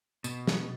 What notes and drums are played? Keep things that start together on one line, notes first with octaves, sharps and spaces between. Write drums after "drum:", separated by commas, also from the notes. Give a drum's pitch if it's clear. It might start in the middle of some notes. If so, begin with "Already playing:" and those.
B2, drum: tambourine
drum: snare